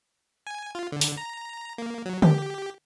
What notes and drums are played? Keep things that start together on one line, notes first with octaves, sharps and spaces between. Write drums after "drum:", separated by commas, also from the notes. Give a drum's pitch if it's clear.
G#5
F4
D3
drum: open hi-hat
A#5
A#3
F#3
G4, drum: tom D3